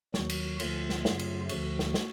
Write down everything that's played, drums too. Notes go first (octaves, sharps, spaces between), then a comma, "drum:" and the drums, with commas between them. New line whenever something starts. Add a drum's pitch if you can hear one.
D#2 D#3 F#3 F#4, drum: snare
drum: cymbal
D2 D3 F3 A3 F4, drum: cymbal
drum: snare
F#2 C#3 F#3 A3, drum: snare
drum: cymbal
D2 D3 F3 A3 F#4, drum: cymbal
drum: snare
drum: snare